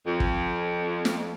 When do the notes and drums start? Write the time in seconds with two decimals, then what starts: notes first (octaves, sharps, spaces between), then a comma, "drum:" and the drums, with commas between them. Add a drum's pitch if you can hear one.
0.06 F2
0.20 drum: kick
1.05 drum: snare